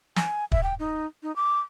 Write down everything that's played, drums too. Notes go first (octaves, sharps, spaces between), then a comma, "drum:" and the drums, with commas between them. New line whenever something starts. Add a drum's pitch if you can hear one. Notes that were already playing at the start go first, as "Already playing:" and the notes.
G#5, drum: snare
E5, drum: kick
G5
D#4
D#4
D6